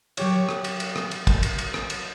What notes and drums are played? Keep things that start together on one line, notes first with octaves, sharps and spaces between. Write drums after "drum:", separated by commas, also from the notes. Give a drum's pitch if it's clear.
F#3 G4 C#5, drum: cymbal
drum: rim click
drum: cymbal
drum: cymbal
drum: rim click
drum: cymbal
drum: kick, cymbal
drum: cymbal
drum: cymbal
drum: rim click
drum: cymbal